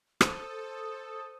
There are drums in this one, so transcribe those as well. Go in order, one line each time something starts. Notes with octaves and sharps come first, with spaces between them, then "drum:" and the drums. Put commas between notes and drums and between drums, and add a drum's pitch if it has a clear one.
A4 C5 D#6, drum: rim click